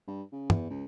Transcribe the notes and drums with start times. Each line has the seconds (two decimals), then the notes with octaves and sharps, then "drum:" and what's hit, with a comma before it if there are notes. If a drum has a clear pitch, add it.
0.07 G2
0.32 C#3
0.50 E2, drum: tom
0.70 C#2